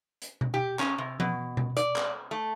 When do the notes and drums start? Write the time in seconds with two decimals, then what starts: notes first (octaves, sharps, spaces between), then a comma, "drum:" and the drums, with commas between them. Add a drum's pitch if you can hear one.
0.22 drum: hi-hat
0.41 drum: tom B2
0.54 G4
0.79 C#4, drum: clap
0.98 C3
1.20 B2, drum: tom F3
1.57 drum: tom B2
1.77 D5, drum: hi-hat
1.96 drum: clap
2.31 A3